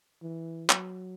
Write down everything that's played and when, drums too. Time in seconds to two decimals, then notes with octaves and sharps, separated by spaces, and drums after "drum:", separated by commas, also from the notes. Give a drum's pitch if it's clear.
0.22 E3
0.70 F#3, drum: clap